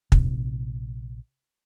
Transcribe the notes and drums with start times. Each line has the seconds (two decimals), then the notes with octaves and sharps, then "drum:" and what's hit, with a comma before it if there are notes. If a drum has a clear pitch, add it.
0.12 A#1 C3, drum: kick